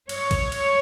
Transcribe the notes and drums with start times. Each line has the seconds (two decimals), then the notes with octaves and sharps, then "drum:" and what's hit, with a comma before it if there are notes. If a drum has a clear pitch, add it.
0.09 C#5, drum: cymbal
0.31 drum: kick, cymbal
0.52 drum: cymbal